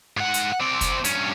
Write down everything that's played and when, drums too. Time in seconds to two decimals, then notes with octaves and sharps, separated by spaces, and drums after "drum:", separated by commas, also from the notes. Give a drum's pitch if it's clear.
0.17 G#2 F#5
0.34 drum: hi-hat
0.60 C4 D5
0.81 drum: kick, hi-hat
1.04 G2 C#4, drum: hi-hat